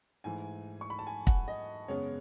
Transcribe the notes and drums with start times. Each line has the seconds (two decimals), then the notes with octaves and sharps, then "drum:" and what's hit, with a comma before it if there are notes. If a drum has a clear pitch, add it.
0.24 G#2 E3 A3 G#5
0.81 C#6
0.90 B5
0.99 A5
1.07 G#5
1.27 F#5, drum: kick
1.48 D#5
1.88 F#2 C#3 G#3 B3 C#5